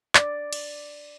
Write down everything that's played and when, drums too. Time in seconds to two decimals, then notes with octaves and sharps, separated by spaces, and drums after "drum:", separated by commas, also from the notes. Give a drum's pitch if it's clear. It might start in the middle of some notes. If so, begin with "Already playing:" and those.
0.15 D5, drum: clap
0.53 drum: cymbal